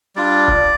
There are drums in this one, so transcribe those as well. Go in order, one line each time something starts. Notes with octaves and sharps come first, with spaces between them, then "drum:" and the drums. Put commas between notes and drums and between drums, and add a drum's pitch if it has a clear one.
G3 D4 F4 D5
drum: kick C#1